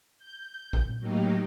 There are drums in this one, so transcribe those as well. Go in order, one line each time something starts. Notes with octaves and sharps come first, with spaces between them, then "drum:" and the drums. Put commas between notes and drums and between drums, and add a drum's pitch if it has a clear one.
G6
drum: kick G#1
drum: tom A#2
A2 F#3 A#3 D#4 G4